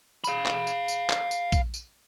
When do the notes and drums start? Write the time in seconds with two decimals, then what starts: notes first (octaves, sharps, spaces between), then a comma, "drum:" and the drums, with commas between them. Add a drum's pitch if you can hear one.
0.24 F5 B5, drum: tambourine
0.46 drum: clap
0.67 drum: tambourine
0.88 drum: tambourine
1.10 drum: clap
1.31 drum: tambourine
1.52 drum: kick A#1, tambourine
1.74 drum: tambourine